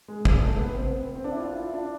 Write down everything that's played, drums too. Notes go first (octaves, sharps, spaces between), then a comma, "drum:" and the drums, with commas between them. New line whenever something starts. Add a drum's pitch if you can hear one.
G#3
G#3, drum: kick
A3
B3
C4
B3
C4
D4
E4
F4
E4
F4
E4
D4